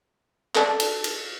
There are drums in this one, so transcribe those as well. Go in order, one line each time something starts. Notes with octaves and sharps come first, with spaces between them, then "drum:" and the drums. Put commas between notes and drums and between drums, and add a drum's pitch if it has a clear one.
A4 D5 A5, drum: clap
drum: cymbal
drum: cymbal